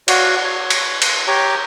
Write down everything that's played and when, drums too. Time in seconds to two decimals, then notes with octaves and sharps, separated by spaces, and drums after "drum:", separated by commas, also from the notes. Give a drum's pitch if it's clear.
0.08 F#4 C#5 D5 F5, drum: cymbal
0.44 C#5
0.70 drum: cymbal
1.02 drum: cymbal
1.27 G4 C#5 A#5 D6